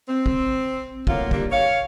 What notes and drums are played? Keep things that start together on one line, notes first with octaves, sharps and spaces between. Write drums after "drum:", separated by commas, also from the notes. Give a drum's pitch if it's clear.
C4
drum: kick
A2 F#3 A#3 F4, drum: kick
A#2 G3 A#3 D4, drum: kick
C#5 F5